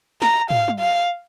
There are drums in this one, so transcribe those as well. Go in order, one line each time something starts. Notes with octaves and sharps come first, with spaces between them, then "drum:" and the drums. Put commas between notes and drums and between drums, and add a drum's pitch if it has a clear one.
A#5, drum: snare
F5, drum: tom
drum: tom
F5